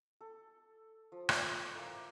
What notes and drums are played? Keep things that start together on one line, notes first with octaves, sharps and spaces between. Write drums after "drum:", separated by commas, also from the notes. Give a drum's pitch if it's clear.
A4
F3
drum: rim click
E4 A#4 D5 F5